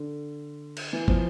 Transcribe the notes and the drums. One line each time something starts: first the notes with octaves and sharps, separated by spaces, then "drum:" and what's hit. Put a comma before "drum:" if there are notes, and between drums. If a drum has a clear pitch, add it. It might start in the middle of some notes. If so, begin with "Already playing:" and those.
Already playing: D3
drum: cymbal
E3
F3, drum: kick